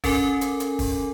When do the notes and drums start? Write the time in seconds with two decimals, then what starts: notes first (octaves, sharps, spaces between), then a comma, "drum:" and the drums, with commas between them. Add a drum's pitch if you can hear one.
0.04 C#4 A4 A#4 G#5 D6, drum: kick, open hi-hat
0.41 drum: hi-hat
0.60 drum: hi-hat
0.79 drum: kick, open hi-hat